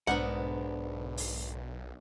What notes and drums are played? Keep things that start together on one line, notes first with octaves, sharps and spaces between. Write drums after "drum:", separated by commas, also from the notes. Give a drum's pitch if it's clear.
B1 G#2 B3 D4 A#4 F#5
drum: open hi-hat